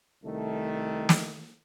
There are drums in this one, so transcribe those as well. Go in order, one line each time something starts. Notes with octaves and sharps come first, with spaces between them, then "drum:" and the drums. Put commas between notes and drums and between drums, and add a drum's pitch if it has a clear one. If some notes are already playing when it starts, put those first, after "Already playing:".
C2 D#3 A3
drum: snare